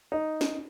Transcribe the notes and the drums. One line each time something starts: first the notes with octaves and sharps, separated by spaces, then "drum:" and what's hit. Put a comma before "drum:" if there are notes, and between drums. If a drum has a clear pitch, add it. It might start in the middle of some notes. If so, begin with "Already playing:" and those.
D#4
drum: snare